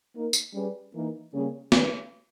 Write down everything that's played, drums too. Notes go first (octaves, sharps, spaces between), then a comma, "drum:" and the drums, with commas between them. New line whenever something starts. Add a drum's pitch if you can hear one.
A#3 D#4 A#4
drum: tambourine
G3 C#4 G#4 B4
E3 A#3 D#4 A#4
C#3 G3 A#3 C#4 G#4
D#3 G3 C#4 G4 B4, drum: snare